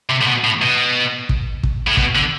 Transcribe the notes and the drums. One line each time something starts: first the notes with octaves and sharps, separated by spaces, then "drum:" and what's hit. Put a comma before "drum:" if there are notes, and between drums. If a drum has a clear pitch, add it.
C3
A2
B2
A2
B2
drum: kick
drum: kick
A2
B2, drum: kick
D3